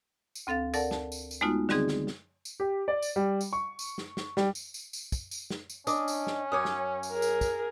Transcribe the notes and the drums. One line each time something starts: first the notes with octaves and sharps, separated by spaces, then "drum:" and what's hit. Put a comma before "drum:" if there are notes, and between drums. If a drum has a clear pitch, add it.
drum: tambourine
D2 C4 A4 F5 A6
A4 A#4 D5 F#5 A5, drum: tambourine
A5, drum: snare
drum: tambourine
drum: tambourine
G#3 A3 B3 D#4 F4 F#4
D3 D#3 G3 C4 D#4 G#4, drum: snare
drum: snare
drum: snare
drum: tambourine
G4
D5
drum: tambourine
G3
drum: tambourine
C#6
drum: tambourine
drum: snare
drum: snare
G3, drum: snare
drum: tambourine
drum: tambourine
drum: tambourine
drum: kick, tambourine
drum: tambourine
drum: snare
drum: tambourine
C#4 D4 D#5 D6 D#6, drum: tambourine
drum: tambourine
drum: snare
F#2 C#5 G#5 D6 D#6
drum: snare
drum: tambourine
G#4 A#4
drum: tambourine
drum: kick, tambourine